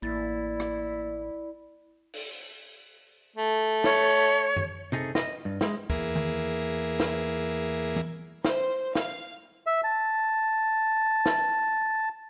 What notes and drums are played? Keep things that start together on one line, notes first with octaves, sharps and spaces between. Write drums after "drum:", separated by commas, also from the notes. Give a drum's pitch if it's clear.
A1 A#3 E4 D5 A6
drum: rim click
drum: open hi-hat
A3
C#5, drum: snare
drum: tom F#2
C3 D#4 G#4 A4, drum: rim click
D#5, drum: snare
G2
G#3, drum: snare
E2 A#3 E4 G#4 A#4, drum: kick
drum: tom D#3
drum: snare
drum: tom
C5, drum: snare
F5, drum: snare
E5
A5
drum: snare